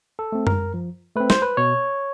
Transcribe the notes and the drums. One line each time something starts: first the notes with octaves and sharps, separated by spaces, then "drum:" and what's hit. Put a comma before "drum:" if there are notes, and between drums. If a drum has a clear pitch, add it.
A4
A3 C4
A#4, drum: tom F#2
F3
A3 C4 B4
C5, drum: snare
B4
B2 C#5